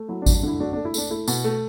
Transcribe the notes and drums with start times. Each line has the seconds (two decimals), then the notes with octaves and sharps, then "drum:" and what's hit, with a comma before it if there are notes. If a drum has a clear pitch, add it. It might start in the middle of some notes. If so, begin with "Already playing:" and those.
Already playing: A3
0.08 F#3 E4
0.22 D4 F#4
0.26 G2, drum: kick G#1, tambourine
0.34 D4
0.43 D3 E4
0.60 A3 D4 F#4
0.73 A3 D4
0.85 E4
0.94 A3 D4, drum: tambourine
1.10 A3 E4
1.28 B2, drum: tambourine
1.44 A3